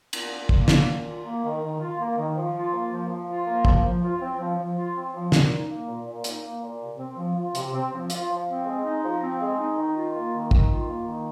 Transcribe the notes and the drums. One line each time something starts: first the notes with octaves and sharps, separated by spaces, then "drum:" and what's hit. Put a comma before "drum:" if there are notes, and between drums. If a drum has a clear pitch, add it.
A#2, drum: cymbal
F4
A#3, drum: kick
A#2, drum: snare
D#3
F4
A#3
D#3
D#3
F4
A#3
D#3
F3
F4
A#3
F3
F3
F4
A#3
F3, drum: kick
F3
F4
C4
F3
F3
F4
C4
F3
A#2, drum: snare
D#4
A#3
A#2
A#2
D#4, drum: hi-hat
A#3
A#2
C3
C4
F3
F4
C3, drum: hi-hat
C4
F3
F4, drum: hi-hat
F3
C4
G#3
D#4
F3
C4
G#3
D#4
D#3
F4
A#3
D#3
D#3, drum: kick
F4
A#3
D#3